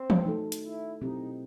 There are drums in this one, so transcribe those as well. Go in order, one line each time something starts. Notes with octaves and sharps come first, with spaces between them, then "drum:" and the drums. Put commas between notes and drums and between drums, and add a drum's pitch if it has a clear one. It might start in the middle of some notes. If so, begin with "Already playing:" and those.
Already playing: C4
drum: tom E3
A3 D#4 F#4 A4
drum: hi-hat
E4
B2 F#3 C4 D#4 E4 G4